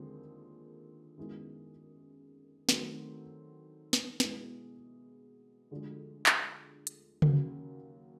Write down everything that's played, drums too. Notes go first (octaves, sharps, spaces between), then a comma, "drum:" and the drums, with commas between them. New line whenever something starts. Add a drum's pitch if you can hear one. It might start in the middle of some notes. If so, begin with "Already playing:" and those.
Already playing: D#2 D3 F3 G#3 C4
F#2 D#3 G#3 B3 E4
D#3 F#3 A3 C4, drum: snare
drum: snare
B2 G#3 B3 E4 G#4, drum: snare
D2 D3 F3 G#3
drum: clap
drum: hi-hat
D#2 C#3 F#3, drum: tom C#3